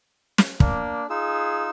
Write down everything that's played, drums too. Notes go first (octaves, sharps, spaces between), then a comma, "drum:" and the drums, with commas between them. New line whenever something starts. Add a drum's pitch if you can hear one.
drum: snare
A#3 D4, drum: kick
D#4 F4 G#4 E6